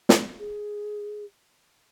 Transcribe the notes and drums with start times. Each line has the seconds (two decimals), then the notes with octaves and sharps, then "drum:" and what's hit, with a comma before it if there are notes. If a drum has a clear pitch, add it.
0.09 drum: snare
0.39 G#4